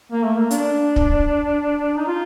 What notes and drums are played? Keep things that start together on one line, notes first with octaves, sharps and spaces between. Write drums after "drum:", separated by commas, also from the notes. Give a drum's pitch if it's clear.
A#3
A3
A#3
D4, drum: hi-hat
drum: kick
D#4
F4